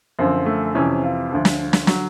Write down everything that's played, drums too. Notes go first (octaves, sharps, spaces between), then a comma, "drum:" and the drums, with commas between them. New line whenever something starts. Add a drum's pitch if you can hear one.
F#2 D3 F3 C4
A3
F2 C3 E3 C#4
F4
D2 D3 F3
drum: snare
drum: snare
D3 F#3, drum: snare